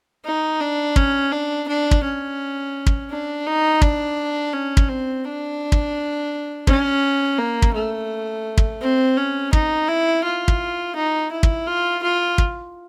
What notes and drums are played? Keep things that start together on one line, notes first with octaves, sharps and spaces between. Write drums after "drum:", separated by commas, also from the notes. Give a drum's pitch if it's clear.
D#4
D4
C#4, drum: kick
D4
D4
drum: kick
C#4
drum: kick
D4
D#4
D4, drum: kick
C#4
drum: kick
C4
D4
drum: kick
C#4, drum: kick
A#3
drum: kick
A3
drum: kick
C4
C#4
D#4, drum: kick
E4
F4
drum: kick
D#4
E4
drum: kick
F4
F4
drum: kick